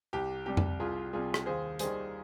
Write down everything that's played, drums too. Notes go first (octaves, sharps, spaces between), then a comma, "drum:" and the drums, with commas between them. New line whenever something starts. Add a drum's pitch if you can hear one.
C2 G4
C3 G3 G4
drum: tom F2
C2 F4 G#4
C3 G3 F4 G#4
drum: rim click
D#2 G#4 C5
D#3 G3 G#4 C5, drum: hi-hat